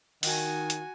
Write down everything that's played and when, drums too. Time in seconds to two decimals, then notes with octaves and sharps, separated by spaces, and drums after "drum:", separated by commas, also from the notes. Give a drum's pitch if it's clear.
0.23 D#3 F#4 G#5, drum: open hi-hat
0.70 drum: hi-hat